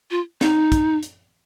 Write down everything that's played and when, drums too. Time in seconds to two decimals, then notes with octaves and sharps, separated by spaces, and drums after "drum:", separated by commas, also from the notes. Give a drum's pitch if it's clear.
0.11 F4
0.41 D#4, drum: snare
0.72 drum: kick, hi-hat
1.03 drum: hi-hat